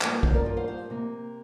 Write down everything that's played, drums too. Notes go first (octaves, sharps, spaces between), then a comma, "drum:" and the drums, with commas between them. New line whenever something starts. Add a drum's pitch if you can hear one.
G2 F3 A#3 D5 G5, drum: clap
C5 F5
C5 F5, drum: kick
A#4 D5
F4 A#4
C5 F5
C5 F5
C3 A#3